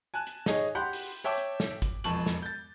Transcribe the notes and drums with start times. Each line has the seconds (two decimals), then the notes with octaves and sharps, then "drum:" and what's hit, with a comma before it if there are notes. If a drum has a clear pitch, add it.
0.14 G#5 A5 F#6
0.27 drum: hi-hat
0.46 D#4 G#4 C#5 D#5, drum: snare
0.75 G4 F#5 B5 C6 G6
0.93 drum: open hi-hat
1.24 C#5 E5 G5 A5 D6
1.38 drum: hi-hat
1.60 drum: snare
1.82 drum: kick G#1, hi-hat
2.04 E1 F2 A5 C#6 F#7, drum: hi-hat
2.26 drum: snare
2.42 G6 A6